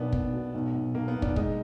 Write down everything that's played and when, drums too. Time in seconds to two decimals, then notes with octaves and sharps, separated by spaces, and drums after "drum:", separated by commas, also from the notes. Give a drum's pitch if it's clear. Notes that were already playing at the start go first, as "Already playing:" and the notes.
Already playing: B1 A#3 B3 D4
0.12 B1, drum: kick
0.33 B2
0.54 B1
0.74 B1
0.94 B1 A#3
1.08 B3
1.15 B1
1.22 D4, drum: kick
1.36 G#3 D#4, drum: kick